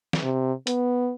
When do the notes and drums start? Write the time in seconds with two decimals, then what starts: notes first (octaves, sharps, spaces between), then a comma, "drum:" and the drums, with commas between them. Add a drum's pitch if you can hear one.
0.13 drum: snare
0.23 C3
0.67 B3, drum: hi-hat